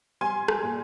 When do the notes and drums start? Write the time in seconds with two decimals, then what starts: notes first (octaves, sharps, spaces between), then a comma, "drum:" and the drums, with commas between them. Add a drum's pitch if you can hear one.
0.21 G3 G#5 C6
0.48 drum: rim click
0.63 A#2